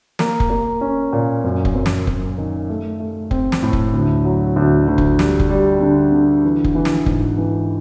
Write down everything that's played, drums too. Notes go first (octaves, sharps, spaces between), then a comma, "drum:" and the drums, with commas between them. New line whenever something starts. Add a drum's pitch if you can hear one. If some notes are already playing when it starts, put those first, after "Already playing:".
A#3, drum: snare
drum: kick F1
A#3
C#4
A#2
F#2
drum: kick F1
F#2
drum: snare
F#2, drum: kick F1
D#3
A3
A3
C4, drum: kick F1
drum: snare
A2
drum: kick F1
D2
F#3
D2
D2
drum: kick F1
G3, drum: snare
drum: kick F1
G3
D3
D3
E3
drum: kick F1
E3
drum: snare
G#2, drum: kick F1
E3